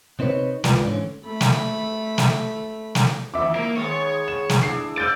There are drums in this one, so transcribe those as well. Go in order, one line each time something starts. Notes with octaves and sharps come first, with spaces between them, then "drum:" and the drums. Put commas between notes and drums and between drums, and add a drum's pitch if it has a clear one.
C3 C4 D#4 B4 C#5
C2 G#3 F4 B4 D5, drum: snare
G#2 D3 E3 C#4
A3 B5
drum: snare
drum: snare
drum: snare
E2 D#3 E3 E5 D6
A#3
D#3 G#3 B3 C#5
E7
drum: snare
D4 E4 G#4 C7
D5 E6 G6 A6